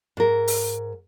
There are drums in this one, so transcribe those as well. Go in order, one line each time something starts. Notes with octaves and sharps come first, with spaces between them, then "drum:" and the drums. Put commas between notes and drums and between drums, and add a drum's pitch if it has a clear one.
G#2 A#4
drum: open hi-hat